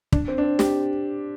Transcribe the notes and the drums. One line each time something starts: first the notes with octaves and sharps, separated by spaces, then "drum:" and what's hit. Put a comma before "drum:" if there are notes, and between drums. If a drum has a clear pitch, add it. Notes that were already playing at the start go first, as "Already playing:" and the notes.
D4, drum: kick
C4
D4
C4
G4, drum: snare